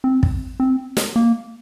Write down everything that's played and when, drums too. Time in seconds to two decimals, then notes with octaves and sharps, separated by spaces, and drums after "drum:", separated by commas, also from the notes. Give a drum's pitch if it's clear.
0.04 C4
0.23 drum: kick
0.60 C4
0.97 drum: snare
1.16 A#3